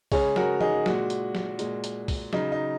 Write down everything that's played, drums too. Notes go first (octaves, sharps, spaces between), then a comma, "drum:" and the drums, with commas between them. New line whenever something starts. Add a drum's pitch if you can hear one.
C#3 G#3 G#4 C#5, drum: kick, open hi-hat
F#4 A#4, drum: snare
D#4 G#4, drum: tom
A#2 G#3 F#4, drum: snare
drum: hi-hat
drum: snare
A#2 G#3, drum: hi-hat
drum: hi-hat
drum: kick, open hi-hat
C#3 F#3 D#4, drum: snare
D#4